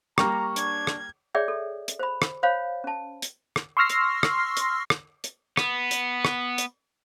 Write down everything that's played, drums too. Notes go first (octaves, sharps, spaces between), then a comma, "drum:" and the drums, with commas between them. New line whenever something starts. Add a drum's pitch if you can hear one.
G3 A#3 A#5 C#6, drum: rim click
D4 G#6, drum: hi-hat
drum: rim click
G#4 C#5 D5 E5 G5
A4
drum: hi-hat
C5 B5
drum: rim click
C5 C#5 F5 B5
C#4 A5
drum: hi-hat
drum: rim click
C6 C#6 E6 F6 A#6 C7
drum: hi-hat
drum: rim click
drum: hi-hat
drum: rim click
drum: hi-hat
B3, drum: rim click
drum: hi-hat
drum: rim click
drum: hi-hat